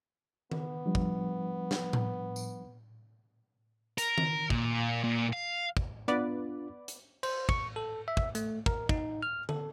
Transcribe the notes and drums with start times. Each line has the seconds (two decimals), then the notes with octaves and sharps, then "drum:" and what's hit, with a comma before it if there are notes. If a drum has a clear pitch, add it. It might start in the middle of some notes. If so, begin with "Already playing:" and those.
0.52 B3, drum: tom D#3
0.86 F3 G3 D4
0.95 drum: kick
1.71 drum: snare
1.93 drum: tom A2
2.36 drum: tambourine
3.98 A#4, drum: hi-hat
4.18 drum: tom D#3
4.50 A#2, drum: kick
5.04 A#2
5.33 F5
5.77 drum: kick
6.08 B3 D4 F4 B4 D5
6.88 drum: hi-hat
7.23 C5, drum: cymbal
7.49 C#6, drum: kick
7.76 A4
8.08 E5
8.17 drum: kick
8.35 A3, drum: hi-hat
8.66 A#4, drum: kick
8.89 D#4, drum: kick
9.23 F6
9.49 A4, drum: tom D3